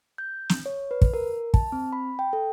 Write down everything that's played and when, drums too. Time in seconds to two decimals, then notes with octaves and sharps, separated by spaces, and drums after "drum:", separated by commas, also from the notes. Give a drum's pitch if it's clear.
0.18 G6
0.49 drum: snare
0.66 C#5
0.91 B4
1.02 drum: kick
1.14 A#4
1.54 A5, drum: kick
1.72 C4
1.93 B5
2.19 G5
2.33 A4